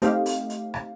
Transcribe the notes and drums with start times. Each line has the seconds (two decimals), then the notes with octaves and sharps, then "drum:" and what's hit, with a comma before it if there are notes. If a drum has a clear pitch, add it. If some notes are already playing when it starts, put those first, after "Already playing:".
0.02 A3 C4 D#4 G4 F5, drum: hi-hat
0.26 drum: open hi-hat
0.50 drum: hi-hat
0.74 drum: rim click